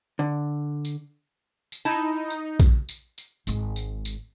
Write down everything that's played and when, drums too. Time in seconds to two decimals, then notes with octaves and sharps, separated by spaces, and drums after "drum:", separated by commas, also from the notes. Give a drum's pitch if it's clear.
0.19 D3
0.85 drum: tambourine
1.72 drum: tambourine
1.85 D#4 E4 A5
2.30 drum: tambourine
2.60 drum: kick A#1, tambourine
2.89 drum: tambourine
3.18 drum: tambourine
3.47 G#1 G#3, drum: tambourine
3.76 drum: tambourine
4.05 drum: tambourine